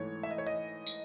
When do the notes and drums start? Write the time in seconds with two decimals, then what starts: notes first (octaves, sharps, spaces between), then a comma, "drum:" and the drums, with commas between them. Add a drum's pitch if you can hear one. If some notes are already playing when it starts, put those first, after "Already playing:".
Already playing: G#2 E3 A3 C#5
0.23 E5
0.31 D#5
0.38 C#5
0.46 D#5
0.87 drum: tambourine